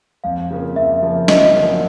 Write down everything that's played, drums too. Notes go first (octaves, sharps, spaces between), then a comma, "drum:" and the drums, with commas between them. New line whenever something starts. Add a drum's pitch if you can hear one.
F2 F5
C#3 F3 A#3
F2 E5
C#3 F3 A#3
G1 D#5, drum: snare
F#2 D3 F3 A#3